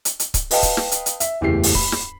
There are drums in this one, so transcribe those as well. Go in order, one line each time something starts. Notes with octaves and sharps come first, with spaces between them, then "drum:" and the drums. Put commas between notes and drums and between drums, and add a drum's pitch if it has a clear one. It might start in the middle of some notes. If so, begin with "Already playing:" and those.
drum: hi-hat
drum: hi-hat
drum: kick C#1, hi-hat
B4 D#5 F5 G5 A5, drum: open hi-hat
drum: kick C#1, hi-hat
drum: snare
drum: hi-hat
drum: hi-hat
E5, drum: hi-hat
F#1 E2 A2 G4 C7
drum: open hi-hat
B5, drum: kick C#1
drum: snare